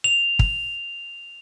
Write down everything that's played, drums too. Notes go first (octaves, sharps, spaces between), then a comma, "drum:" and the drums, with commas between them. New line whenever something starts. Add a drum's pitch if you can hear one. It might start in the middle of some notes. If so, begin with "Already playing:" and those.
F7
drum: kick